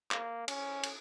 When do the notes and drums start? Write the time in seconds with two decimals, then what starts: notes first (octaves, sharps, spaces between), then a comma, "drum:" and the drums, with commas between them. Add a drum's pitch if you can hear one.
0.11 A#3, drum: clap
0.48 C#4, drum: cymbal
0.83 drum: cymbal